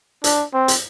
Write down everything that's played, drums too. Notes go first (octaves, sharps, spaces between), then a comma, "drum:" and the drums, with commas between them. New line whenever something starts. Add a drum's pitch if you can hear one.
D4, drum: hi-hat
C4
drum: hi-hat